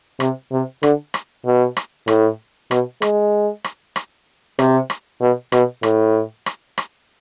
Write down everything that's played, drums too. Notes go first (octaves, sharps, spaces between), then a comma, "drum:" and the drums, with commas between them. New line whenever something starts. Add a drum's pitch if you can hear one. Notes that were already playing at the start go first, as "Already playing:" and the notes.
C3, drum: rim click
C3
D3, drum: rim click
drum: rim click
B2
drum: rim click
A2, drum: rim click
B2, drum: rim click
G#3, drum: rim click
drum: rim click
drum: rim click
C3, drum: rim click
drum: rim click
B2
B2, drum: rim click
A2, drum: rim click
drum: rim click
drum: rim click